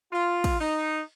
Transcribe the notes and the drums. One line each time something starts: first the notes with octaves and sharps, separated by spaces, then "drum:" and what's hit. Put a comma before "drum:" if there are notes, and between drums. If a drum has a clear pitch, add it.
F4
drum: kick, cymbal
D#4